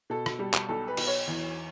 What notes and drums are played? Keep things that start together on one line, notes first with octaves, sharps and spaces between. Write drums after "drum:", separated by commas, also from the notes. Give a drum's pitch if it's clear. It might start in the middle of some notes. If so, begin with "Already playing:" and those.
B2 A4
drum: rim click
G3
drum: clap
B1 A4
B4
B1, drum: cymbal
C#5
E2